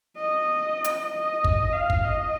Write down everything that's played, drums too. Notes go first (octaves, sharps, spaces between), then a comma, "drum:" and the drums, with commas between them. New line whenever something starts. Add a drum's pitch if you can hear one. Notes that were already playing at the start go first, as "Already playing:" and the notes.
D#5
drum: hi-hat
D#5
drum: kick
F5
drum: kick
D#5